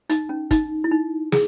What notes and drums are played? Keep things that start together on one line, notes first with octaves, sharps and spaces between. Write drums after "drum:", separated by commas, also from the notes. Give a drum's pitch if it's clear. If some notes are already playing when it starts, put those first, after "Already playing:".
D#4, drum: hi-hat
C#4
D#4, drum: kick, hi-hat
E4
D#4
G#4, drum: snare